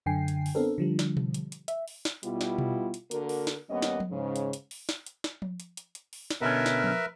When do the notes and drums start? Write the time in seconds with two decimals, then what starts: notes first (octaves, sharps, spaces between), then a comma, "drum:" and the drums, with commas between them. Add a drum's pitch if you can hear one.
0.06 F#2 D3 G5 G#5 C7
0.28 drum: hi-hat
0.46 drum: open hi-hat
0.55 B3 C4 D4 A4 A#4
0.78 D3 F3 G3
0.99 drum: snare
1.17 drum: tom B2
1.34 drum: hi-hat
1.52 drum: hi-hat
1.68 E5, drum: hi-hat
1.88 drum: open hi-hat
2.05 drum: snare
2.23 B2 G3 B3 E4 F4, drum: hi-hat
2.41 drum: snare
2.58 drum: tom B2
2.94 drum: hi-hat
3.11 D3 A#3 F#4 A#4, drum: hi-hat
3.29 drum: open hi-hat
3.47 drum: snare
3.70 D#2 G3 A#3 B3 C#4 D#5
3.82 drum: snare
4.00 drum: tom F3
4.11 G#2 C#3
4.36 drum: hi-hat
4.53 drum: hi-hat
4.71 drum: open hi-hat
4.89 drum: snare
5.06 drum: hi-hat
5.24 drum: snare
5.42 drum: tom F3
5.60 drum: hi-hat
5.77 drum: hi-hat
5.95 drum: hi-hat
6.13 drum: open hi-hat
6.30 drum: snare
6.41 B2 D3 C#4 A#4 B4 E5
6.66 drum: snare
6.84 drum: tom F3